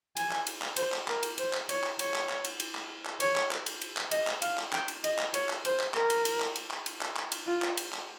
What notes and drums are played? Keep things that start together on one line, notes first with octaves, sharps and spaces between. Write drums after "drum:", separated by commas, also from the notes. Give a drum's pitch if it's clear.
G#5, drum: cymbal
drum: clap
drum: cymbal
drum: clap
C5, drum: cymbal
drum: clap
A#4, drum: clap
drum: cymbal
C5, drum: cymbal
drum: clap
C#5, drum: cymbal
drum: clap
C#5, drum: cymbal
drum: clap
drum: clap
drum: cymbal
drum: cymbal
drum: clap
drum: clap
C#5, drum: cymbal
drum: clap
drum: clap
drum: cymbal
drum: cymbal
drum: clap
D#5, drum: cymbal
drum: clap
F5, drum: cymbal
drum: clap
G5, drum: clap
drum: cymbal
D#5, drum: cymbal
drum: clap
C#5, drum: cymbal
drum: clap
C5, drum: cymbal
drum: clap
A#4, drum: clap
drum: cymbal
drum: cymbal
drum: clap
drum: cymbal
drum: clap
drum: cymbal
drum: clap
drum: clap
drum: cymbal
F4
drum: clap
drum: cymbal
drum: clap